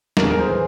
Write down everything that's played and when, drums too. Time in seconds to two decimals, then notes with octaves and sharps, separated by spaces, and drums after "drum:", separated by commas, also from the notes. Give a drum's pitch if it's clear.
0.17 E2 A#4, drum: snare F#3
0.23 G#4
0.31 A#4
0.39 G#4 C5
0.49 E3